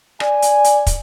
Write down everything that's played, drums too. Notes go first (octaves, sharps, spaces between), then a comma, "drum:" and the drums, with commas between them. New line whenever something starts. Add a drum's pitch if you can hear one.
D5 G#5, drum: rim click
drum: hi-hat
drum: hi-hat
drum: kick, hi-hat